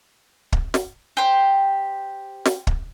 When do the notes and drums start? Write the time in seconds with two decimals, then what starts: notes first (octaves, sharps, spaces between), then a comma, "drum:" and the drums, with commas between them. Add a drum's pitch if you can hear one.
0.52 drum: kick
0.74 drum: snare
1.17 G4 C5
2.45 drum: snare
2.67 drum: kick